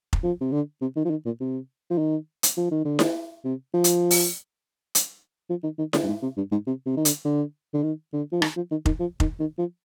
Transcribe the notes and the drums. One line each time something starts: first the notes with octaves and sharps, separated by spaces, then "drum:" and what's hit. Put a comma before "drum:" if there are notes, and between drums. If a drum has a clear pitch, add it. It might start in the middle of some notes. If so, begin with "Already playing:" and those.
drum: kick F1
F3
C3
D3
C3
D#3
F3
D#3
A#2
C3
F3
D#3
drum: hi-hat
F3
D#3
D3
D#3, drum: snare E4
C3
F3
drum: hi-hat
drum: open hi-hat
drum: hi-hat
F3
D#3
D#3
D3, drum: snare E4
G2
G#2
C3
G2
G#2
C3
C3
D#3
D3, drum: hi-hat
D3
D3
D#3
D3
F3
D#3, drum: rim click
F3
D#3
D#3, drum: kick F1
F3
D#3, drum: kick F1
D#3
F3